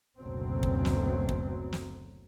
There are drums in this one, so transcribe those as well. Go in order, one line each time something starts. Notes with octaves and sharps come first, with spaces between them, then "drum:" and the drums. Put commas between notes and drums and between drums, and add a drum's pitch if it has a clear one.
F#1 D2 B2 F#3 C4
drum: kick
drum: snare
drum: kick
drum: snare